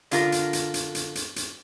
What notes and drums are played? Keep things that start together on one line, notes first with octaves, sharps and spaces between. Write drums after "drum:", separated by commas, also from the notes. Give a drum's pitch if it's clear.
D3 F4 A#4, drum: hi-hat
drum: hi-hat
drum: hi-hat
drum: hi-hat
drum: hi-hat
drum: hi-hat
drum: hi-hat